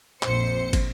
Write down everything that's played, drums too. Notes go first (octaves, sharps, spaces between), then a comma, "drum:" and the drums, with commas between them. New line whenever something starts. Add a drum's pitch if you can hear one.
A#1 F2 C5 C#7, drum: clap
drum: kick, cymbal